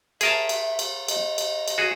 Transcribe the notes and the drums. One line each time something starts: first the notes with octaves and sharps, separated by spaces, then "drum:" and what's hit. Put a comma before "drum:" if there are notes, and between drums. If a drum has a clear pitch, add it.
G#4 A#4 E5 A5, drum: cymbal
drum: cymbal
drum: cymbal
D#5, drum: cymbal
drum: cymbal
drum: cymbal
F#4 G#4